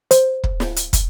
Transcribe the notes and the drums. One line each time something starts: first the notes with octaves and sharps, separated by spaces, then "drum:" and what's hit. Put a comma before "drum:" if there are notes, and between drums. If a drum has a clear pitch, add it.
C5, drum: hi-hat
drum: kick
drum: snare
drum: hi-hat
drum: kick, hi-hat